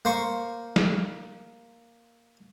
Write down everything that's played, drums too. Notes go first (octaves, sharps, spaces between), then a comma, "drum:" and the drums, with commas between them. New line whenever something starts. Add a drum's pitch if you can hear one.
A#3 C5 C#6
drum: snare